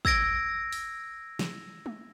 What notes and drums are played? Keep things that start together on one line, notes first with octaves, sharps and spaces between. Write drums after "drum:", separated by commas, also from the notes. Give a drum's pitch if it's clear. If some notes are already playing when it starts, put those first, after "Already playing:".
E6 G#6 A#6 D7, drum: kick
drum: open hi-hat
drum: snare
drum: tom